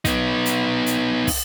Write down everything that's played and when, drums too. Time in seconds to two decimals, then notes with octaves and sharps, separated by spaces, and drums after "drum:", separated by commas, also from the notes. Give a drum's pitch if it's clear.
0.05 B3 D#4, drum: kick, hi-hat
0.46 drum: hi-hat
0.86 drum: hi-hat
1.27 drum: kick, open hi-hat